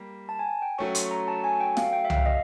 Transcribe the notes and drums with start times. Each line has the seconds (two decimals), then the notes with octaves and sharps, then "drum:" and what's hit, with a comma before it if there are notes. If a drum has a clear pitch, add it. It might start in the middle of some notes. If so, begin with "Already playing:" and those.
Already playing: G3 A#3
0.29 A5
0.39 G#5
0.46 G5
0.62 G5
0.78 F#3 A3 C#4 C#6
0.95 C6, drum: hi-hat
1.11 A#5
1.28 A5
1.44 G#5
1.61 G5
1.77 F5, drum: snare
1.93 G5
2.05 E5
2.10 F5, drum: tom C2
2.26 D#5